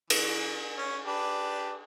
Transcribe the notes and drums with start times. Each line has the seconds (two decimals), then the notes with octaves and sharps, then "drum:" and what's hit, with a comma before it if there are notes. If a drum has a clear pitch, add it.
0.10 E3, drum: cymbal
0.77 C#4
1.05 D4 G4 B4